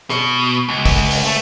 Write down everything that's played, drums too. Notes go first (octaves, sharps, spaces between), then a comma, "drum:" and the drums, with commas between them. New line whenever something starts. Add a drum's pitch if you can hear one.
B2, drum: rim click
C#2
drum: kick, open hi-hat
drum: open hi-hat
A3